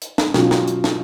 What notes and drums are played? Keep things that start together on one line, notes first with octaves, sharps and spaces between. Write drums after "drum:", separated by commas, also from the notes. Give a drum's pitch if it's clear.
drum: hi-hat
drum: snare
B2 F#3 C#4 F4 F#4, drum: snare
drum: snare
drum: hi-hat
drum: snare